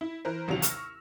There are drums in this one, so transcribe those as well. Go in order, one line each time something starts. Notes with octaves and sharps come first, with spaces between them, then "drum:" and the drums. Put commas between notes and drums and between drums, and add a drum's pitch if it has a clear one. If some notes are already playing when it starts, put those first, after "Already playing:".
E4
E3 A#4 C5
A1 D#2 C3 F#3 F7
C#6 E6 F6 A#6, drum: hi-hat